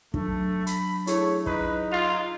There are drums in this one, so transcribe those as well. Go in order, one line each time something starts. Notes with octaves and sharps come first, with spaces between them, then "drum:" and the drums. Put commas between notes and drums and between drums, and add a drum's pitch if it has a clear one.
F#3 A3 D4, drum: kick
B5, drum: hi-hat
A3 E4 G#4 C#5, drum: hi-hat
D#4 B4, drum: kick
F4 F7